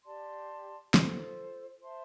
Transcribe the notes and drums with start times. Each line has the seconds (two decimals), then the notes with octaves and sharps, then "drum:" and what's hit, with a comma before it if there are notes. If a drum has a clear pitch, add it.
0.05 G4 D5 A5 C6
0.94 F4 A4 C5, drum: snare
1.83 C5 E5 A5 C6